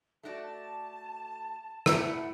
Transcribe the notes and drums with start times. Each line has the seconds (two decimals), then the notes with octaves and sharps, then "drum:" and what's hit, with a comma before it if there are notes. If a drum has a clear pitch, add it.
0.23 A3 F#4 D5 A5
0.42 A5
1.86 A2 A3 E4 F#5, drum: rim click